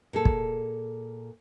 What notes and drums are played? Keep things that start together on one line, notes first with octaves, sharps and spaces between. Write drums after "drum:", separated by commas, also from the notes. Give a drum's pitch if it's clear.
A#2 G#4 A4
drum: kick